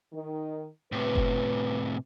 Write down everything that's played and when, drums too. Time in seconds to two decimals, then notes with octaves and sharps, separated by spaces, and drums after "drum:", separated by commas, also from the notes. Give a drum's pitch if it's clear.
0.13 D#3
0.92 A2 C3 B4
1.15 drum: kick F#1